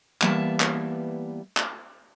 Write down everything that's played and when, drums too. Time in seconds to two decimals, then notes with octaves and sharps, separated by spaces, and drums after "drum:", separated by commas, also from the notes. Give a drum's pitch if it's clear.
0.21 E3 G3 A#3 B3 E5 A5, drum: clap
0.60 drum: clap
1.57 drum: clap